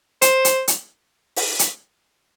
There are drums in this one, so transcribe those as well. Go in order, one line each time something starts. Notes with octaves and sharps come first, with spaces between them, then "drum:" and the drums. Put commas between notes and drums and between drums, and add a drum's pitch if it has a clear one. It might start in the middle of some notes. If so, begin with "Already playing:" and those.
C5, drum: hi-hat
drum: hi-hat
drum: hi-hat
drum: open hi-hat
drum: hi-hat